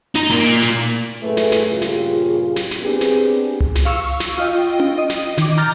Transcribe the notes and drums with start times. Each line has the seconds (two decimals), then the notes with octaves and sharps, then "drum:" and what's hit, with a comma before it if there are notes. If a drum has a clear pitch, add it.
0.15 D#4, drum: snare
0.30 A#2 A#3, drum: snare
0.62 drum: snare
1.22 F#2 A2 A3 G#4 B4
1.37 drum: snare
1.52 drum: snare
1.69 G2 A#2 C#3 F4 G4 G#4
1.82 drum: snare
2.56 drum: snare
2.71 drum: snare
2.82 B3 C4 D4 G4 G#4
3.01 drum: snare
3.60 drum: tom C2
3.75 drum: snare
3.85 F5 C#6 E6
4.20 drum: snare
4.38 F4 D#5 G5
4.80 drum: tom C#4
4.98 D#5
5.10 drum: snare
5.38 D#3 D6, drum: snare
5.58 A#5 F6 G6 A6